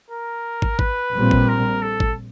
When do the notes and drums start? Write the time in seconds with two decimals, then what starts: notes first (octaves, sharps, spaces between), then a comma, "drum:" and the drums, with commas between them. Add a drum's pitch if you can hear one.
0.11 A#4
0.62 drum: kick
0.79 B4, drum: kick
1.15 A#1 A#2 G3 C4
1.31 drum: kick
1.48 A#4
1.82 A4
2.00 drum: kick